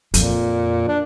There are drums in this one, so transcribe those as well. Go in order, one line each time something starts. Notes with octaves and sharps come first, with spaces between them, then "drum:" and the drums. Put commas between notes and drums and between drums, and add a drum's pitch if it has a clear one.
F2 A#2, drum: hi-hat
D4